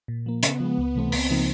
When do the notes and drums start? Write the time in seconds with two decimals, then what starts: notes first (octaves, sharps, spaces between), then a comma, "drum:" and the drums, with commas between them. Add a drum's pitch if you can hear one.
0.08 A#2
0.26 F3 A#3
0.43 C#3 B3, drum: hi-hat
0.60 F3 G#3
0.78 C#2
0.95 C3 E3 A3 C4
1.12 C#2 C4, drum: open hi-hat
1.30 C#3 F3 A#3 D#4